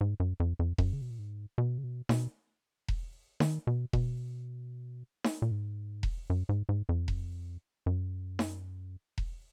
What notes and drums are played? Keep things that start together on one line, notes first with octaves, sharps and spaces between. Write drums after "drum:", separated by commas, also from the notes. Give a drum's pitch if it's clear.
G#2
F#2
F2
F2
F#2, drum: kick E1
C#3
B2
A#2
G#2
B2
C#3
B2
B2, drum: snare D#4
drum: kick E1
D#3, drum: snare D#4
B2
B2, drum: kick E1
drum: snare D#4
A#2
G#2
drum: kick E1
F#2
G#2
G#2
F2
drum: kick E1
F#2
drum: snare D#4
drum: kick E1